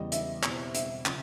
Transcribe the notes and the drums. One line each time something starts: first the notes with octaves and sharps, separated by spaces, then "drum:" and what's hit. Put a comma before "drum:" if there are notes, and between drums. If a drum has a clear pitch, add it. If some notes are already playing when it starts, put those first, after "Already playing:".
Already playing: E2 C#3 E3 G3 D#5
E5, drum: hi-hat
B2 G3 C4 E4, drum: clap
E5, drum: hi-hat
C#3 F3, drum: clap